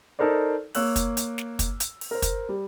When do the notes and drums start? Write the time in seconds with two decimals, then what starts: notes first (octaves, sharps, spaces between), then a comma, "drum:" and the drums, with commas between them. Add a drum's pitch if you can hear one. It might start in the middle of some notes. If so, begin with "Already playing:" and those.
0.19 D#4 A4 A#4 C5 D5
0.75 A#3 C#5 E6 F#6 F#7, drum: open hi-hat
0.96 drum: kick, hi-hat
1.17 drum: hi-hat
1.38 drum: snare
1.59 drum: kick, hi-hat
1.80 drum: hi-hat
2.01 drum: open hi-hat
2.11 A#4 C5
2.22 drum: kick, hi-hat
2.49 G3